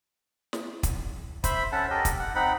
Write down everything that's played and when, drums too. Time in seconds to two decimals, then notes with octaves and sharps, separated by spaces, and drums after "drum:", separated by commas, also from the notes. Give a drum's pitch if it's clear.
0.53 drum: snare
0.83 drum: kick, hi-hat
1.44 C5 E5 B5, drum: kick, hi-hat
1.72 C#4 A4 F#5 A5
1.90 G4 A4 A#4 D#5
2.05 drum: kick, hi-hat
2.19 F#5
2.35 C4 D#4 F#5 B5